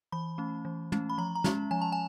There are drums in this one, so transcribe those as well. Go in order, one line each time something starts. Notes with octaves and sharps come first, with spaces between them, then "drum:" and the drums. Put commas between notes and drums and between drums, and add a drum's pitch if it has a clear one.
E3 B5
A3 C#4
E3
A3 C#4, drum: tom
B5
F3 A#5
A#5
G#3 C#4, drum: snare
F3 G#5
A5
G#5